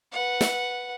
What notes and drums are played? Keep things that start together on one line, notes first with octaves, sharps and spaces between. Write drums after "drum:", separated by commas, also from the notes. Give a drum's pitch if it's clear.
B4 F#5
drum: snare